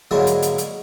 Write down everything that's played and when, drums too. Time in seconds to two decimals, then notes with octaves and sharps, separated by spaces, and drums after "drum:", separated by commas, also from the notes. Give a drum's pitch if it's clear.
0.11 G#2 D3 F#3 G#3 A#3 E4
0.27 drum: hi-hat
0.42 drum: hi-hat
0.58 drum: hi-hat